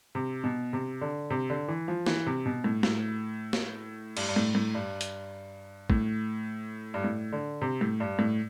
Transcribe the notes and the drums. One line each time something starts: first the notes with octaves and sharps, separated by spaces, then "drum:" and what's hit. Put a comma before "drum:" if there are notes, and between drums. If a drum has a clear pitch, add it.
C3
B2
C3
D3
C3
D3
E3
F3
E3, drum: snare
C3
B2
A2
A2, drum: snare
drum: snare
G2, drum: cymbal
G2
A2
A2
G2
drum: hi-hat
A2, drum: kick
G2
A2
D3
C3
A2
G2
A2